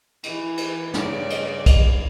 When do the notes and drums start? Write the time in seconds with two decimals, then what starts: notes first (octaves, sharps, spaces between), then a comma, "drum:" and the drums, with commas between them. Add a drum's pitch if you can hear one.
0.23 E3, drum: cymbal
0.57 drum: cymbal
0.94 G2 C#3 D5, drum: snare
1.30 drum: cymbal
1.66 drum: kick, cymbal